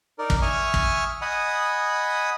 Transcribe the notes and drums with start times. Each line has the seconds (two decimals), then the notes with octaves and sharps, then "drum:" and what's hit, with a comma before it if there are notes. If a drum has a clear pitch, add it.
0.19 D#4 A#4 D5
0.30 drum: kick
0.42 E5 G#5 C#6 D#6 F6
0.74 drum: kick
1.22 D#5 F#5 G#5 B5 D#6